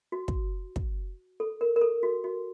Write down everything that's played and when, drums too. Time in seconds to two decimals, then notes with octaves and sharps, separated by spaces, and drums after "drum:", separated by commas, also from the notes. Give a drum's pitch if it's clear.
0.12 F#4
0.28 drum: kick
0.76 drum: kick
1.40 A4
1.61 A#4
1.76 A#4
1.81 A4
2.03 F#4
2.24 F#4